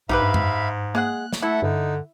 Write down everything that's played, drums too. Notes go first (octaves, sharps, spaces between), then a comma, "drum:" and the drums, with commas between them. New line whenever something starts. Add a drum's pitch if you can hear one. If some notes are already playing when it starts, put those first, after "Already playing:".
B1 G#2 D#4 G4 B4 E5 F5 B5
G2
drum: tom F#2
G#3 A#3 G#4 F#5 F#6
drum: snare
A3 E4 A4 E5 F#5
G2 D3 D#4